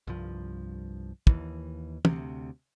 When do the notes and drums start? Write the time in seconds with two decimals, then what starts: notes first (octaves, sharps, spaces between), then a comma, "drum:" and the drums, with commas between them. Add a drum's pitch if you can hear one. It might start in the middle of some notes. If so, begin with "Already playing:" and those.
0.07 C2 G2 F3
1.27 D#2 E3, drum: kick
2.05 D2 C3, drum: tom